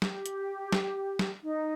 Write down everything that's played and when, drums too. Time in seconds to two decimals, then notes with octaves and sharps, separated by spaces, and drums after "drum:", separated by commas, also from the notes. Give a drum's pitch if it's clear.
0.02 G4, drum: snare
0.26 drum: hi-hat
0.72 drum: snare
1.19 drum: snare
1.42 D#4